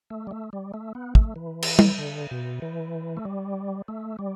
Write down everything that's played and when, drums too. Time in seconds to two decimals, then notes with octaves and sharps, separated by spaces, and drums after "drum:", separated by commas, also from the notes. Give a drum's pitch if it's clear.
0.10 A3
0.27 G3
0.31 A3
0.53 G3
0.74 A3
0.95 B3
1.15 A3, drum: kick
1.36 E3
1.62 drum: cymbal
1.79 drum: tom
1.99 D3
2.31 B2
2.62 E3
3.17 A3
3.25 G3
3.88 A3
4.19 G3